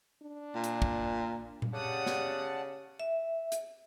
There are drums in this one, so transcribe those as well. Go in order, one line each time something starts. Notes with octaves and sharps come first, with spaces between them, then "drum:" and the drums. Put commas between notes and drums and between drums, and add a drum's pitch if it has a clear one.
D4
A#2
drum: hi-hat
drum: kick
drum: tom A#2
C#3 G4 D5 F#5 A5 D#6
drum: snare
E5
drum: hi-hat